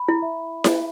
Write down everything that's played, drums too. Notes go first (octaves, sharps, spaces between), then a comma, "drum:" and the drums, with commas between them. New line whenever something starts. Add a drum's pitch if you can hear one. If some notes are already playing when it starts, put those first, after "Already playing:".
Already playing: B5
E4
E5
drum: snare E4